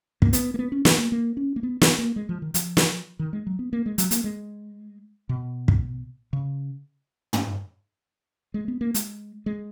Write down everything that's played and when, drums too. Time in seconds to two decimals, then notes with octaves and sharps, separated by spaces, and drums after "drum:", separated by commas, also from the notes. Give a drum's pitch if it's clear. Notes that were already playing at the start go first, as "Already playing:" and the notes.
0.22 A#3, drum: kick
0.33 B3, drum: hi-hat
0.54 A#3
0.59 B3
0.72 C#4
0.85 B3, drum: snare
0.98 A#3
1.12 A#3
1.37 C#4
1.56 A#3
1.63 B3
1.81 B3, drum: snare
1.99 A#3
2.16 G#3
2.29 F3
2.42 D#3
2.54 F3, drum: hi-hat
2.77 drum: snare
3.19 D#3
3.33 G#3
3.47 F#3
3.59 B3
3.73 A#3
3.86 G#3
3.98 F#3, drum: hi-hat
4.11 A#3, drum: hi-hat
4.24 G#3
5.29 B2
5.68 drum: kick
6.33 C#3
7.33 drum: tom
8.54 G#3
8.68 B3
8.81 A#3
8.94 G#3, drum: hi-hat
9.46 G#3